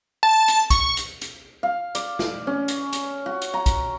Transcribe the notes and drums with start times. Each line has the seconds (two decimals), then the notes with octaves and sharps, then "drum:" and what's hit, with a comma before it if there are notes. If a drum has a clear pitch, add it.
0.23 A5
0.48 drum: hi-hat
0.70 C#6, drum: kick, hi-hat
0.97 drum: hi-hat
1.21 drum: hi-hat
1.63 F5
1.95 D5, drum: hi-hat
2.19 drum: snare
2.47 C#4
2.68 drum: hi-hat
2.93 drum: hi-hat
3.26 F#4
3.42 drum: hi-hat
3.54 A#5
3.66 drum: kick, hi-hat